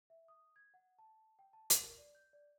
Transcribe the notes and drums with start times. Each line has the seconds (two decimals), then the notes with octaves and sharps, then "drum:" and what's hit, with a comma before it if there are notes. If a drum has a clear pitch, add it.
0.10 E5
0.28 D#6
0.56 G#6
0.74 F#5
0.99 A5
1.39 G5
1.53 A5
1.70 drum: hi-hat
1.83 A#4
1.98 D5
2.15 G6
2.33 D5